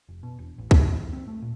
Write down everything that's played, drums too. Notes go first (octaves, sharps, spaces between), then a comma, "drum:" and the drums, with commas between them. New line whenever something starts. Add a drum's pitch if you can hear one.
F1
B2
E1
A1
C2, drum: kick C2
E2
C4
A3
A#2